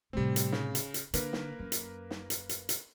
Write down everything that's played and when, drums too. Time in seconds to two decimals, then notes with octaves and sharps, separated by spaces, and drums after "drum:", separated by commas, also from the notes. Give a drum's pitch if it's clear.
0.13 A2 C3 G3 C4
0.36 drum: hi-hat
0.52 C#3, drum: snare
0.75 drum: hi-hat
0.94 drum: hi-hat
1.14 D3 A#3 A#4 B4, drum: hi-hat
1.33 drum: snare
1.59 F#2
1.72 drum: hi-hat
2.11 drum: snare
2.30 drum: hi-hat
2.49 drum: hi-hat
2.69 drum: hi-hat